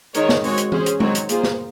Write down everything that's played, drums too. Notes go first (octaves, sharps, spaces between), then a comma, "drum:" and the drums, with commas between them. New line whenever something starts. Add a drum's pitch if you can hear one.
D#3 G#3 D#4 A#4 C#5, drum: hi-hat
drum: snare
G#3 C4 F#4 C#5, drum: open hi-hat
drum: hi-hat
C#4 G#4 C5, drum: tom E3
drum: hi-hat
D#3 F#3 C4 F#4 C#5, drum: tom G#3
drum: hi-hat
A#3 F4 G#4 C5, drum: hi-hat
drum: snare